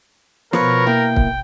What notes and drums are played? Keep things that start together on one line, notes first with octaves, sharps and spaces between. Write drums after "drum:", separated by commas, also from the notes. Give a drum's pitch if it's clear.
B2 F3 B3 A#4 B4 C#5 C#6, drum: snare
A#3 E4 G5
drum: kick